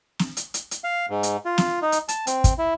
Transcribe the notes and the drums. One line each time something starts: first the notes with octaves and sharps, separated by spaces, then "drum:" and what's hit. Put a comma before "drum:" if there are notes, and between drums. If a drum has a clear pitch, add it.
drum: snare
drum: hi-hat
drum: hi-hat
drum: hi-hat
F5
G#2
drum: hi-hat
F4
drum: snare
D#4
drum: hi-hat
A5, drum: hi-hat
C4, drum: hi-hat
drum: kick, hi-hat
E4